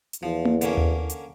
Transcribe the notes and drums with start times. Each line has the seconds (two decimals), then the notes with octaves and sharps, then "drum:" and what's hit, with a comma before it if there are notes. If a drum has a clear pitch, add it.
0.13 drum: hi-hat
0.23 E2 F3
0.45 drum: tom A#3
0.61 D3 A#3 C#4, drum: hi-hat
0.77 drum: tom D#2
1.10 drum: hi-hat